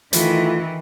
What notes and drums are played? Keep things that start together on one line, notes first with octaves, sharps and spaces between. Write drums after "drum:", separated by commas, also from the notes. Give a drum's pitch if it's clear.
D#3 E3 A3 E4 F4, drum: hi-hat